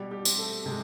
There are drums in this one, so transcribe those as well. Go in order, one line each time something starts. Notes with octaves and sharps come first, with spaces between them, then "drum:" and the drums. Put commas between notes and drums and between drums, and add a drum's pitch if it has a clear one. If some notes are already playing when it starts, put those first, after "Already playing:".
Already playing: B2 G3 G4
G3 G4
C4, drum: tambourine
A3 A4
C3 G#3 G#4